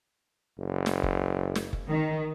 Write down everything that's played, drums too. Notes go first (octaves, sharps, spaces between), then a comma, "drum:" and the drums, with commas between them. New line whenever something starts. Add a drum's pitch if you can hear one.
F#1
drum: snare
drum: kick F#1
drum: snare
drum: kick F#1
D#3